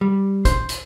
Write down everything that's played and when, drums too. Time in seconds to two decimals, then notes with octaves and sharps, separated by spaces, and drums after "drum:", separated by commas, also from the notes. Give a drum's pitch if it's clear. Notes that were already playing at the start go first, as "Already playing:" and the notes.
0.01 G3
0.45 C5, drum: kick G#1, hi-hat
0.69 drum: hi-hat